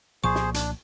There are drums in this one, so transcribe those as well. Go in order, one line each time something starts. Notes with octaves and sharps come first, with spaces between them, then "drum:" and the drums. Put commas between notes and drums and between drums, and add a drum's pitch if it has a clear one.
C2 A#2 F3 G#4 C5 C#6
drum: snare
D4, drum: hi-hat